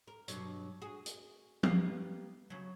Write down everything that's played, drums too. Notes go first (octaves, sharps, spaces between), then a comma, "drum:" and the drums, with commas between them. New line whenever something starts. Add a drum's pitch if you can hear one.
A#4
G2 B2 F#3, drum: hi-hat
F#4 G#4
drum: hi-hat
G3 A#3 B3, drum: tom F3
C#3 F#3